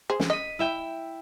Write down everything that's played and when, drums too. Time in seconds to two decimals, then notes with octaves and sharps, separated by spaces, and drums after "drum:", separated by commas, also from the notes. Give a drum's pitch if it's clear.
0.10 G#4 C5
0.20 drum: snare
0.30 D#5 B6 D#7
0.59 E4 E5 G5